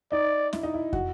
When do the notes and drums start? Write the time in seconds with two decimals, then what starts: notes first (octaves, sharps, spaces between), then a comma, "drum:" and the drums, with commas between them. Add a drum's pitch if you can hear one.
0.12 D#4 D5
0.53 E4, drum: snare
0.63 D#4
0.74 E4
0.93 F#4, drum: kick